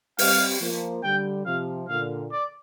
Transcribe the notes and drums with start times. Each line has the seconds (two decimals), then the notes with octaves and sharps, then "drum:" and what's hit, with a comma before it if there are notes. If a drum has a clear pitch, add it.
0.19 G3 C4 F5, drum: open hi-hat
0.61 F3 A#3
1.03 D3 G3 G5
1.46 C3 F3 F5
1.88 A#2 D3 F5
2.32 D5